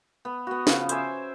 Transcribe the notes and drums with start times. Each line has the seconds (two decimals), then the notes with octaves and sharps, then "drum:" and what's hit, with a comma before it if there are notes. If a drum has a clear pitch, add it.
0.25 B3
0.47 B3 F#4
0.67 C#3 F3, drum: snare
0.89 C5 E5 G#5 D6, drum: hi-hat